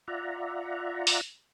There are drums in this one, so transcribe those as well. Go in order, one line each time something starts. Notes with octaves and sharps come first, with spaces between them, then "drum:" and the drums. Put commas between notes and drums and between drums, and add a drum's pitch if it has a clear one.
F4 D5 E5 F#5 A#5
drum: open hi-hat